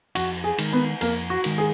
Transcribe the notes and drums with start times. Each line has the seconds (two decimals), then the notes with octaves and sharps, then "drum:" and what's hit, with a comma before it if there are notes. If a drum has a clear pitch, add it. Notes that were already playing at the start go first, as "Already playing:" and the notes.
0.15 F2 F#4 F#5, drum: cymbal
0.44 G#4 G#5
0.58 D#3 G#3 D#4 A#4, drum: cymbal
0.72 B3 B4
1.01 F2 A#3 A#4, drum: cymbal
1.30 F#4
1.44 D#3 G#3 D#4 A#4, drum: cymbal
1.58 G#4